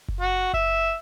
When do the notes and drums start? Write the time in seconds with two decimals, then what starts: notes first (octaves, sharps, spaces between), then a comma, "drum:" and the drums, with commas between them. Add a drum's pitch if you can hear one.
0.08 drum: kick F#1
0.20 F#4
0.53 E5, drum: kick F#1